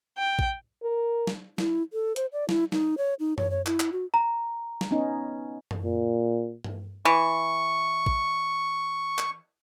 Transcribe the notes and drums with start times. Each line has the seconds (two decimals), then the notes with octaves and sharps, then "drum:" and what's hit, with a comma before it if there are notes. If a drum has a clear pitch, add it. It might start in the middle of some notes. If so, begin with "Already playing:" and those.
0.18 G5
0.39 drum: kick A#1
0.83 A#4
1.27 drum: snare
1.58 E4, drum: snare
1.93 A4
2.16 C5, drum: hi-hat
2.33 D5
2.49 E4, drum: snare
2.72 D#4, drum: snare
2.98 C#5
3.20 D#4
3.38 C#5, drum: tom F#2
3.51 C#5
3.66 E4, drum: clap
3.80 drum: clap
3.92 F#4
4.14 A#5
4.81 drum: snare
4.91 B3 C#4 D#4
5.71 drum: tom F#2
5.85 A#2
6.64 drum: tom G2
7.05 E3 C#6
8.06 drum: kick A#1
9.18 drum: clap